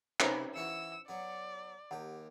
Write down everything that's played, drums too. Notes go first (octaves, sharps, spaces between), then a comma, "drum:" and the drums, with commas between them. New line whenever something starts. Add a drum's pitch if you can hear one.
C3 C#4 D#4 B4 C5 A#5, drum: clap
E3 E4 F#4 E6 C#7
F#3 B3 D5
D#2 G4 F#5